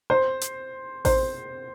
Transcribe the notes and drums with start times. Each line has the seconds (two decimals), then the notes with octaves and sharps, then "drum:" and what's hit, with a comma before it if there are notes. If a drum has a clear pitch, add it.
0.10 C5
0.41 drum: hi-hat
1.05 C5, drum: kick A1, open hi-hat